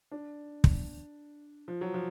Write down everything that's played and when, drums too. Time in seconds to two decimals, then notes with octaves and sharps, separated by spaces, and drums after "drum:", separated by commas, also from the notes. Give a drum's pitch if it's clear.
0.11 D4
0.64 drum: kick
1.68 F3
1.81 F#3
1.94 F3